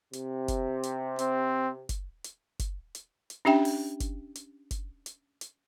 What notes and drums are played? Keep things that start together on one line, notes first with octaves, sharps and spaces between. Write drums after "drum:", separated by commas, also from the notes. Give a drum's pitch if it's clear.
C3, drum: hi-hat
drum: kick F#1, hi-hat
drum: hi-hat
C4, drum: hi-hat
drum: kick F#1, hi-hat
drum: hi-hat
drum: kick F#1, hi-hat
drum: hi-hat
drum: hi-hat
C#4 D4 G4 E5 G5
drum: open hi-hat
drum: kick F#1, hi-hat
drum: hi-hat
drum: kick F#1, hi-hat
drum: hi-hat
drum: hi-hat